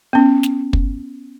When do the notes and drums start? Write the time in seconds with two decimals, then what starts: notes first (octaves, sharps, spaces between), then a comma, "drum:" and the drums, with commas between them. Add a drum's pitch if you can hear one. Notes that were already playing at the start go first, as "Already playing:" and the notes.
0.13 B3 C#4
0.43 drum: snare
0.73 drum: kick